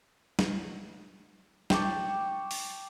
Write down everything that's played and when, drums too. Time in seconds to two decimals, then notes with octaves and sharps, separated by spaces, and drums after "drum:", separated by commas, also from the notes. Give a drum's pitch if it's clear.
0.39 drum: snare
1.70 G5 A5 C#6 D6, drum: snare
2.51 drum: open hi-hat